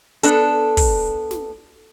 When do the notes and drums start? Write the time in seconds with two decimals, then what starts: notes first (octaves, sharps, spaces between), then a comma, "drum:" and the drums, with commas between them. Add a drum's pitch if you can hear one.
0.23 B3 D4 A4, drum: hi-hat
0.77 drum: kick, open hi-hat
1.31 drum: snare